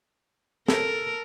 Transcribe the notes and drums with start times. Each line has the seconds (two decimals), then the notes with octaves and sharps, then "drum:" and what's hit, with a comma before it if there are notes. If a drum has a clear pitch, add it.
0.68 A4 A#4, drum: snare